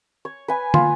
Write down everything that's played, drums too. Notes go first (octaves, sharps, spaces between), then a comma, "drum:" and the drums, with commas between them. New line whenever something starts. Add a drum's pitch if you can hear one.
C#5
B4 G#5
F4, drum: tom